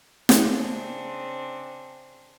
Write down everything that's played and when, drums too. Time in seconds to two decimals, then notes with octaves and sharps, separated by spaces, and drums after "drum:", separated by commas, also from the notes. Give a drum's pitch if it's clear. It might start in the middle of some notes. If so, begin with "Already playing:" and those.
0.29 C#3 C4 D4, drum: snare